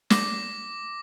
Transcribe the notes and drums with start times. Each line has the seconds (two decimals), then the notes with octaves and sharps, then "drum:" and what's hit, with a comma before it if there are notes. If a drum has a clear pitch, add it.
0.10 D6 A#6, drum: snare